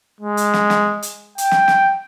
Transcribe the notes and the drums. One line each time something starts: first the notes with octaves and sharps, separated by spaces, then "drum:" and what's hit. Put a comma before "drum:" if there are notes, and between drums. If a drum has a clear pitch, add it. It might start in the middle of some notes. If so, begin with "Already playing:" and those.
G#3
drum: hi-hat
drum: snare
drum: snare
drum: hi-hat
G5, drum: hi-hat
drum: snare
drum: snare